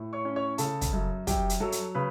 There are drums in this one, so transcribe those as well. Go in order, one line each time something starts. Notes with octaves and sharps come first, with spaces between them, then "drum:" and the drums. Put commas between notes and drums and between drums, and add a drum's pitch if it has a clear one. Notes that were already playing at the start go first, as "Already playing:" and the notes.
Already playing: A2
C#5 C#6
C#4
C#5 C#6
C#3 A4 A5, drum: hi-hat
drum: kick, hi-hat
F#2
F#2 G4 G5, drum: kick, hi-hat
drum: hi-hat
F#3 A4 A5
drum: hi-hat
C#3 B4 B5